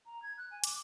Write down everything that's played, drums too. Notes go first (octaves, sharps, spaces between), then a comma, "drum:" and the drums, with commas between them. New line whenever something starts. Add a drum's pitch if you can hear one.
A#5
G#6
F#6
G#5
D6, drum: hi-hat